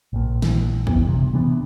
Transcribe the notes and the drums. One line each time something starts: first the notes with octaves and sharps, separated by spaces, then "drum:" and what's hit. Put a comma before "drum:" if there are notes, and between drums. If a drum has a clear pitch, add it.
A#1 A#2
A#1 E3, drum: snare
F2 B3, drum: kick
G2 C3
C3 E3 B3 D4